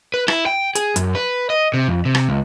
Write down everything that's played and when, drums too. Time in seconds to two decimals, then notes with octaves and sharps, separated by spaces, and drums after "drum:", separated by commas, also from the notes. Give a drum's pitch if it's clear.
0.14 B4
0.28 E4, drum: rim click
0.46 G5
0.75 G#4, drum: hi-hat
0.96 F#2, drum: hi-hat
1.15 B4
1.50 D#5
1.74 C3
1.88 F2
2.05 C3
2.15 drum: rim click
2.29 C#2